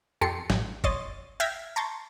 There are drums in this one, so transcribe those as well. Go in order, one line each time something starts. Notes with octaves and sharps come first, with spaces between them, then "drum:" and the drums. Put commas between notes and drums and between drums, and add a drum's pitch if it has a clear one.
F2 G4 A4 C6 C#7
A1, drum: snare
C#5 D#5 C6 A6, drum: kick
E5 G5 F6 G#6 A#6 B6
A5 A#5 C6 C#6 G6 A6